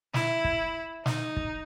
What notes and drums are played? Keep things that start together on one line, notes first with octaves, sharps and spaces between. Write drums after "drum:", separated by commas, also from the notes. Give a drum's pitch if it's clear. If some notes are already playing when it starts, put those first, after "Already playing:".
E4, drum: snare
drum: kick
D#4, drum: snare
drum: kick